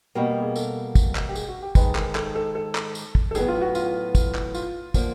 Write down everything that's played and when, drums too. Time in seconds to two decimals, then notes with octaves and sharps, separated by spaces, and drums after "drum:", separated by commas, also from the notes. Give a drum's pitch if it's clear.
0.15 B2 G3 A#3 F#4
0.29 G4
0.42 G#4
0.56 A4, drum: tambourine
0.95 drum: kick, tambourine
1.15 drum: clap
1.29 G4
1.35 G#4, drum: tambourine
1.48 F#4
1.62 G4
1.75 G#2 D#3 G#3 B4, drum: kick, tambourine
1.95 A#4, drum: clap
2.15 A4, drum: clap
2.35 A4
2.55 A4
2.75 drum: clap
2.95 drum: tambourine
3.15 drum: kick
3.31 A4
3.35 A2 F#3 B3 G#4, drum: tambourine
3.48 F4
3.61 F#4
3.75 F4, drum: tambourine
4.15 drum: kick, tambourine
4.35 drum: clap
4.54 F4, drum: tambourine
4.94 D3 F3 A#3, drum: kick, tambourine